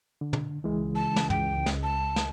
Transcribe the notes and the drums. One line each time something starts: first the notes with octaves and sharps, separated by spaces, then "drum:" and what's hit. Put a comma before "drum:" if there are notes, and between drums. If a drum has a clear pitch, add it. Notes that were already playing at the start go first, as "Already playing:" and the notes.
D3
drum: tom
C#2 E3 G#3
A5
drum: snare
G5, drum: tom
drum: snare
A5
drum: snare